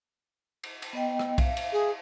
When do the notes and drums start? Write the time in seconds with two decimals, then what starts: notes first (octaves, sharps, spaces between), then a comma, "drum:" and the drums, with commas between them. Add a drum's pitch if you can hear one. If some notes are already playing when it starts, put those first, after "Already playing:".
0.63 drum: cymbal
0.82 drum: cymbal
0.93 B3 D#5 G5
1.19 drum: rim click
1.38 E5 F5, drum: kick B1, cymbal
1.57 drum: cymbal
1.72 G#4